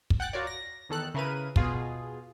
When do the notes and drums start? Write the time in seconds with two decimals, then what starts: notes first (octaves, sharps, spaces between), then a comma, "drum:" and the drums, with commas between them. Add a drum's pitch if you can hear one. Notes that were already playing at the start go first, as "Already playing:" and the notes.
0.10 drum: kick
0.20 F#5 G5 F#6 A6
0.33 F4 F#4 A#4 C#5 D5
0.47 A#6
0.89 E2 D#3 A4 F#6
1.14 C#3 E4 A#4 B4 D#7
1.56 B2 F4 G#4, drum: kick